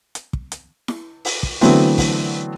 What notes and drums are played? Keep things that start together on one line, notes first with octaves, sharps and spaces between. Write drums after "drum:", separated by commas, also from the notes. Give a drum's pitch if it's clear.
drum: hi-hat
drum: kick
drum: hi-hat
drum: snare E4
drum: open hi-hat
drum: kick
D3 E3 F#3 A3 B3 C4, drum: open hi-hat
drum: kick, open hi-hat